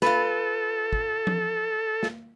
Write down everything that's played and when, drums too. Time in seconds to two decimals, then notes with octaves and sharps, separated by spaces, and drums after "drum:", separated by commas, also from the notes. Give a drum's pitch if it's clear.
0.02 F4 A4 B4, drum: snare
0.93 drum: kick
1.27 drum: tom F3
2.03 drum: snare